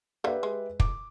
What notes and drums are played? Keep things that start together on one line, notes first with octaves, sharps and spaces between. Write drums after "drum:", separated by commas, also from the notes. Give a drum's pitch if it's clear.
D3 A#3 G4 B4 E5
G#3
D6, drum: kick